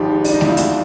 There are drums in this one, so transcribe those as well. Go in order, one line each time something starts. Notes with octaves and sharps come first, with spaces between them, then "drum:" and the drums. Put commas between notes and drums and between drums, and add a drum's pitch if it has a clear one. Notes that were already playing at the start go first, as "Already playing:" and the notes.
Already playing: G#1 G#2 F3 G4
D4, drum: open hi-hat
D#4
E4, drum: snare A3
F4
F#4, drum: hi-hat